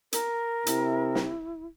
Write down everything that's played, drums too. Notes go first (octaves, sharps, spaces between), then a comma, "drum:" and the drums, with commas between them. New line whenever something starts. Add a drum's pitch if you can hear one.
A#4, drum: hi-hat
C3 E4, drum: hi-hat
drum: snare